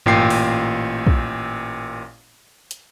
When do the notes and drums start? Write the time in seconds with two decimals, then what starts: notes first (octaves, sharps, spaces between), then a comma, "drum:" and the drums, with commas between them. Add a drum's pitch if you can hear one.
0.06 A1 A#2 G5 C7, drum: tom G2
0.30 drum: open hi-hat
1.07 drum: kick
2.71 drum: hi-hat